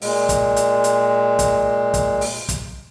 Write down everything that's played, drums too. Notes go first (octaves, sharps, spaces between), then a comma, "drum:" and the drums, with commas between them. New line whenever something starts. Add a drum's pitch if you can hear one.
A#2 G#3, drum: open hi-hat
drum: kick, hi-hat
drum: hi-hat
drum: hi-hat
drum: kick, hi-hat
drum: kick, hi-hat
drum: open hi-hat
drum: kick, hi-hat